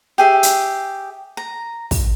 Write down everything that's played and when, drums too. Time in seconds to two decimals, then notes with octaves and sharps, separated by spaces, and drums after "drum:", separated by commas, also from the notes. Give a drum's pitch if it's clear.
0.18 G4 G#4 E5
0.43 drum: hi-hat
1.37 A#5
1.91 drum: kick, open hi-hat